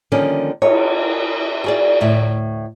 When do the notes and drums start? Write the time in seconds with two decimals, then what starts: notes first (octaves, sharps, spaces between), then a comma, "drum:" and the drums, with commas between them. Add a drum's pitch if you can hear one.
0.12 D3 D#3 F3 G3 A#3 C#4
0.62 C#5, drum: cymbal
1.64 F#4 G#4 D5
2.00 D2 A2 E5